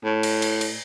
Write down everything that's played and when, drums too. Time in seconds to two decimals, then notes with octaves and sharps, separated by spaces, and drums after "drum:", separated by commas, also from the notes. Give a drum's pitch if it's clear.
0.04 A2
0.23 drum: cymbal
0.42 drum: cymbal
0.61 drum: cymbal